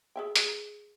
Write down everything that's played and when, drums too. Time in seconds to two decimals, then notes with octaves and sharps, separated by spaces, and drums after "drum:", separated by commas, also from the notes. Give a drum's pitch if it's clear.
0.16 G#4 E5 G5
0.36 G#4 B4, drum: hi-hat